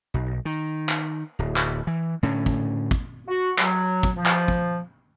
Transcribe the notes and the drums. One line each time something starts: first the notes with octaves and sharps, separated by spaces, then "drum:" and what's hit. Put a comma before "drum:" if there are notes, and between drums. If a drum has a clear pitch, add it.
B1
D#3
drum: clap
D1
drum: clap
E3
A2 D3 C#4
drum: kick
drum: kick
F#4
F#3, drum: clap
drum: kick
F3
drum: clap
drum: kick